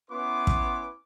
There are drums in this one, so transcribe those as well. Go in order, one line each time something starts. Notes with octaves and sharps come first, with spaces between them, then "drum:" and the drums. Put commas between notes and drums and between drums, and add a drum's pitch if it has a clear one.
B3 C#4 E4 B4 C6 D6
drum: kick